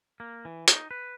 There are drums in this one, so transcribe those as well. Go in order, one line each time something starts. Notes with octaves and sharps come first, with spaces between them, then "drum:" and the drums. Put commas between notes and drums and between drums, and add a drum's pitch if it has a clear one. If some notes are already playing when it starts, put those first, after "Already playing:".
A#3
E3
D#4, drum: hi-hat
B4